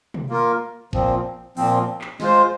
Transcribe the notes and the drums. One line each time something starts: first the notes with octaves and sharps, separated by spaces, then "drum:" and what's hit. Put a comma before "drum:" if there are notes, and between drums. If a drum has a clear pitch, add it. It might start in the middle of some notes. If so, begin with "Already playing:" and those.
drum: tom
A#3 F4 A#4
A#2 F3 C4, drum: kick G#1
A#2 F3 C4, drum: open hi-hat
drum: clap
G#3 F4 C5, drum: snare